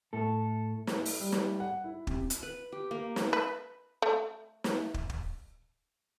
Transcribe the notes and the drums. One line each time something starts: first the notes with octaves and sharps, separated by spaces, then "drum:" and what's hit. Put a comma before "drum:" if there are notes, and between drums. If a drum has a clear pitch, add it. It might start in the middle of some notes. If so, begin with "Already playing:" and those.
A2 A4
drum: snare
drum: open hi-hat
G3
drum: snare
F#5
E4
C3, drum: kick
drum: hi-hat
B4
G4
A#3
drum: snare
B4
A3
drum: snare
drum: kick
drum: kick